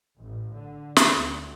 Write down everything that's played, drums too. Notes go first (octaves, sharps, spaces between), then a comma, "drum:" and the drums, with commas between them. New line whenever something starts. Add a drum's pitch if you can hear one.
A1
D3
drum: snare
D2